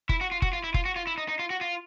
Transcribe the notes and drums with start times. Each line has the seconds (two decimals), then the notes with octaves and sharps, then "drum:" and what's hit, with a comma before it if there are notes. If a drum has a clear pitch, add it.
0.09 E4, drum: kick F#1
0.21 F#4
0.32 F4
0.42 F#4, drum: kick F#1
0.53 F4
0.64 E4
0.74 F4, drum: kick F#1
0.85 F#4
0.96 F4
1.07 E4
1.18 D#4
1.28 D#4
1.39 F4
1.50 F#4
1.61 F4